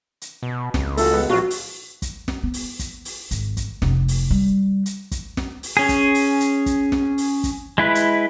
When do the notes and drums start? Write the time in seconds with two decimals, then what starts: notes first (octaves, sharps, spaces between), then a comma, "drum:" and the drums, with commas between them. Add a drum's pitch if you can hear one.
0.21 drum: hi-hat
0.43 B2
0.74 C#2, drum: snare
0.97 A3 F4 F#4 A4, drum: open hi-hat
1.11 G#3 B3
1.30 A#1 F#3 F4 F#4
1.50 drum: open hi-hat
2.02 drum: kick, hi-hat
2.28 drum: snare
2.44 B3
2.54 drum: open hi-hat
2.79 drum: kick, hi-hat
3.05 drum: open hi-hat
3.31 G#1, drum: hi-hat
3.57 drum: kick, hi-hat
3.82 F1, drum: snare
4.08 drum: open hi-hat
4.30 G3
4.86 drum: hi-hat
5.11 drum: kick, hi-hat
5.37 drum: snare
5.63 drum: open hi-hat
5.77 C#4 G#4
5.89 drum: kick, hi-hat
6.15 drum: open hi-hat
6.40 drum: hi-hat
6.66 drum: kick, hi-hat
6.92 drum: snare
7.18 drum: open hi-hat
7.44 drum: kick, hi-hat
7.78 G#3 E4 B4
7.95 drum: hi-hat